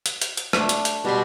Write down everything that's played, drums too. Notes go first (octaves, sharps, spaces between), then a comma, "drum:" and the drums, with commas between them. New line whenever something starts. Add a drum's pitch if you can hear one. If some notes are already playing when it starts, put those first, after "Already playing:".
drum: hi-hat
drum: hi-hat
drum: hi-hat
A3 D4, drum: rim click
drum: hi-hat
drum: hi-hat
B2 G3 C6